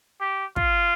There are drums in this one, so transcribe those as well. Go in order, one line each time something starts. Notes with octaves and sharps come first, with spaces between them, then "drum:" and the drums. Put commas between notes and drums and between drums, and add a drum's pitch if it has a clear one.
G4
F4, drum: kick